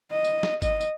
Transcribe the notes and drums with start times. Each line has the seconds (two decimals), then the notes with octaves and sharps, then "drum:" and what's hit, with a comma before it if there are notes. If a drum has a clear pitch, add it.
0.11 D#5
0.24 drum: tambourine
0.43 drum: snare
0.62 D#5, drum: kick, tambourine
0.81 drum: tambourine